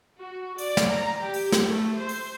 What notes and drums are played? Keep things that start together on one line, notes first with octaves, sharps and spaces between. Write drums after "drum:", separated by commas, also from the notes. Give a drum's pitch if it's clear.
F#4
D5, drum: open hi-hat
drum: snare
A#5
G4
drum: open hi-hat
drum: snare
A3
C5
drum: open hi-hat